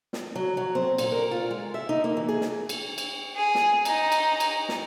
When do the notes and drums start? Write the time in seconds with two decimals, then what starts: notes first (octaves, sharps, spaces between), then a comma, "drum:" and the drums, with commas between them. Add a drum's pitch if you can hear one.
0.13 drum: snare
0.35 F#3
0.57 F#3
0.75 C4
0.98 A#2, drum: cymbal
1.12 A#4
1.31 F4
1.51 G#3
1.74 E5
1.89 D#4
2.04 A#3
2.17 E3
2.28 G#4
2.41 drum: snare
2.69 drum: cymbal
2.98 drum: cymbal
3.35 G#4
3.55 drum: snare
3.85 D#4, drum: cymbal
4.12 drum: cymbal
4.40 drum: cymbal
4.69 drum: snare